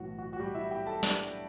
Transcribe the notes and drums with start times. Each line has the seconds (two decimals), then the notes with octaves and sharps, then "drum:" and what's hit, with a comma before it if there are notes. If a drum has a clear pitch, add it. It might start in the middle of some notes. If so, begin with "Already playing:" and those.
Already playing: B1 A2 E3 F#4
0.19 F#4
0.33 F#4
0.40 G3 G4
0.55 E4 E5
0.71 G4 G5
0.87 A4 A5
1.03 D4 D5, drum: snare
1.23 drum: hi-hat